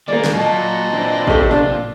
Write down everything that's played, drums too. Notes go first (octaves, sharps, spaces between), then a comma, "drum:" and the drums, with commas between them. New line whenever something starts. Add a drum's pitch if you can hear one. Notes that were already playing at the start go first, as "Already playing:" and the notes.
D#3 G#3 A#3 D5
drum: snare
A#2 F#3 D#5 A5
E3 C4 D4
C3 A3, drum: kick
C3 F3 D4